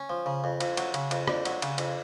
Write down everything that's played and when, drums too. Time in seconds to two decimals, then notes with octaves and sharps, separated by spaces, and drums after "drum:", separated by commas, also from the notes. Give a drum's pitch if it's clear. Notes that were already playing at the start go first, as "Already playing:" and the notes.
Already playing: C#4
0.10 F3
0.26 C#3
0.44 F2
0.60 F2, drum: cymbal
0.77 F#3, drum: cymbal
0.94 C#3, drum: cymbal
1.11 F2, drum: cymbal
1.28 F2 D4, drum: rim click
1.45 F#3, drum: cymbal
1.62 C#3, drum: cymbal
1.78 F2, drum: cymbal